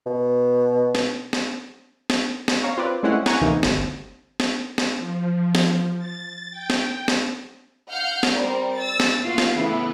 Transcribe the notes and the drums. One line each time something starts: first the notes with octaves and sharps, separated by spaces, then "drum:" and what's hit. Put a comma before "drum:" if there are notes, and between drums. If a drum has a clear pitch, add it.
B2
drum: snare
drum: snare
drum: snare
drum: snare
C#5 F5 A#5 C#6
C4 F4 B4 D5
G#3 A3 C4 C#4 E4 F#5
F#5 G#5 A#5 C#6 G#6, drum: snare
D2 C3 E3 A#3 D#4
G1 D2, drum: snare
drum: snare
drum: snare
F3
drum: snare
A6
G5
drum: snare
drum: snare
F5 F#5 F6 G6
drum: snare
G3 C4 A#4 D5
E6 A6
drum: snare
A#3 B3 F4 F#4 F5
drum: snare
A2 C#3 E3 B3 E4